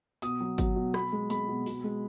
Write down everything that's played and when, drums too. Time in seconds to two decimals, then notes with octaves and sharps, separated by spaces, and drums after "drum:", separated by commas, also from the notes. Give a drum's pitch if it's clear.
0.22 B2 D#6, drum: hi-hat
0.40 F#3
0.58 F#3, drum: kick, hi-hat
0.76 B2
0.94 B2 B5, drum: rim click
1.12 G#3
1.30 G#3 B5, drum: hi-hat
1.48 B2
1.66 B2, drum: open hi-hat
1.84 G#3